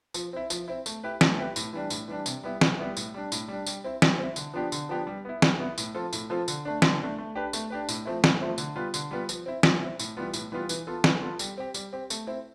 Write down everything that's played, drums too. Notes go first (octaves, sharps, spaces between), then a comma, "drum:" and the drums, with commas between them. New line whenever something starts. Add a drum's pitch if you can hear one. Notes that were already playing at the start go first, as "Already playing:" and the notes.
F3, drum: tambourine
C4 E4
F3, drum: tambourine
C4 E4
A3, drum: tambourine
E4 G4 B4
A3, drum: snare
E4 G4 B4
A2, drum: tambourine
E3 G3 D4
A2, drum: tambourine
E3 G3 D4
C3, drum: tambourine
G3 B3 E4
C3, drum: snare
G3 B3 E4
A2, drum: tambourine
G3 D4
A2, drum: tambourine
G3 D4
G3, drum: tambourine
C4 E4
G3, drum: snare
C4 E4
D3, drum: tambourine
F3 B3 D4 G4
D3, drum: tambourine
F3 B3 D4 G4
G3
B3 E4
G3, drum: snare
B3 E4
A2, drum: tambourine
F3 C4 F4 A4
A2, drum: tambourine
F3 C4 F4 A4
D3, drum: tambourine
A3 D4
D3, drum: snare
A3 D4
A3
D4 G4 B4
A3, drum: tambourine
D4 G4 B4
A2, drum: tambourine
F3 A3 C4 E4
A2, drum: snare
F3 A3 C4 E4
D3, drum: tambourine
G3 B3 F4 B4
D3, drum: tambourine
G3 B3 F4 B4
F3, drum: tambourine
C4 E4
F3, drum: snare
C4 E4
A2, drum: tambourine
E3 G3 B3 F4
A2, drum: tambourine
E3 G3 B3 F4
E3, drum: tambourine
B3 F4 A4
E3, drum: snare
B3 F4 A4
G3, drum: tambourine
C4 G4
G3, drum: tambourine
C4 G4
A3, drum: tambourine
C4 E4